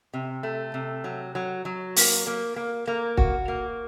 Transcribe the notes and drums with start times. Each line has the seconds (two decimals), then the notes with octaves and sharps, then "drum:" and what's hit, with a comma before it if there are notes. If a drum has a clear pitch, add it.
0.14 C3
0.43 A3
0.74 C3
1.04 F#3
1.35 F#3
1.65 F#3
1.96 A#3, drum: open hi-hat
2.27 A#3
2.56 A#3
2.87 A#3
3.17 F#4, drum: kick
3.48 A#3